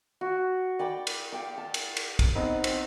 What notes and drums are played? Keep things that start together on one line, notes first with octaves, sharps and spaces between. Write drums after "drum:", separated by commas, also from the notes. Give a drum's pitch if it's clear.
F#4
D5 G5 B5 D6
drum: cymbal
F5 G5 D6
A5
drum: cymbal
drum: cymbal
drum: kick A#1, cymbal
B3 C4 D#4
C4, drum: cymbal